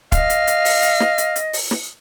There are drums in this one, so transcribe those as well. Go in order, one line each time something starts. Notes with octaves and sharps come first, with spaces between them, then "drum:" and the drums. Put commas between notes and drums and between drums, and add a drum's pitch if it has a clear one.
D#5 F5, drum: kick, hi-hat
drum: hi-hat
drum: hi-hat
drum: open hi-hat
drum: hi-hat
drum: snare
drum: hi-hat
drum: hi-hat
drum: open hi-hat
drum: snare